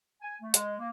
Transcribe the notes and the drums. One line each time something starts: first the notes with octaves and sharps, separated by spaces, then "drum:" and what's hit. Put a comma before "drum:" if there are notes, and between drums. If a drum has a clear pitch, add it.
G#5
A3
G#3, drum: hi-hat
A#3